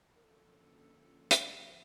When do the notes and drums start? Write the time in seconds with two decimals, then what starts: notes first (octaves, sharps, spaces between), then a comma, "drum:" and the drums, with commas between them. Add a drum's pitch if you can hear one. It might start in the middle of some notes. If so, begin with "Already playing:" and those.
0.15 A#4
0.24 D3 F3 A#3 C#4 F4 A4
1.31 drum: hi-hat
1.65 C5